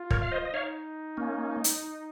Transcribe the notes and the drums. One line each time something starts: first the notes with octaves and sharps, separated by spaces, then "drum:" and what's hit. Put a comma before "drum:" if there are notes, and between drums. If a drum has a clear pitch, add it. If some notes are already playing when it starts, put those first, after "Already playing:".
Already playing: F4
A#4 C#5, drum: kick
F5
C5 D#5
D#5
D#4 C#5 F5
A#3 C#4
drum: hi-hat